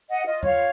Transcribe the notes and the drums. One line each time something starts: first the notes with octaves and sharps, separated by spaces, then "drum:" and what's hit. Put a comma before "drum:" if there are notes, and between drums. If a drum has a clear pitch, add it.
D#5 F#5
F4 D#5
C#5 F5, drum: tom E2